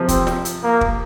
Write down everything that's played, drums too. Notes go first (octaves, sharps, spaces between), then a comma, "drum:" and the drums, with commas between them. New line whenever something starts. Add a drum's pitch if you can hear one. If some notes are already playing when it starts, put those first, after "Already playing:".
Already playing: C3 F3
C4, drum: kick, hi-hat
drum: snare
drum: hi-hat
A#3
drum: kick